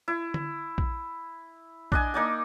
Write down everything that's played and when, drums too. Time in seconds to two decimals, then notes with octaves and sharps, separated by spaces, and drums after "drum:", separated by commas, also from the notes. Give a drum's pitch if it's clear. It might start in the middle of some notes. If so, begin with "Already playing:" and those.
0.08 E4
0.34 drum: tom
0.78 drum: kick A#1
1.92 D4 D#5 G#5, drum: kick A#1
2.14 A#3 D#4 D5 G#5